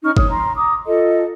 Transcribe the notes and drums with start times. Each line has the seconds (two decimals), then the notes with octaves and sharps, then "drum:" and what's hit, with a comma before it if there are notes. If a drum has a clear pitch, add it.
0.03 C#4 D#4 C#6 F6
0.17 C#5 D#6, drum: kick G1
0.31 A#5 C6
0.55 A#5 D6 D#6
0.86 F4 A4 D#5